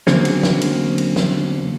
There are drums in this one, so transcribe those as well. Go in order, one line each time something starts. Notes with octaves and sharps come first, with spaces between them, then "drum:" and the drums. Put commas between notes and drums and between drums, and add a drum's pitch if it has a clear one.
E2 D3 F#3 A#3 C4 C#4, drum: snare
drum: cymbal
drum: snare
drum: cymbal
drum: cymbal
drum: snare